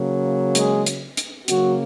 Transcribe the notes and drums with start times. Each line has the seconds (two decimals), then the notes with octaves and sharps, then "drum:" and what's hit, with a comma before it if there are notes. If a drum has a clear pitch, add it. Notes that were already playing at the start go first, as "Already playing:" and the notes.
Already playing: C#3 F#3 A#3
0.55 G#3 G#4, drum: hi-hat
0.86 drum: hi-hat
1.17 drum: hi-hat
1.48 C#3 F#3 A#3 F#4, drum: hi-hat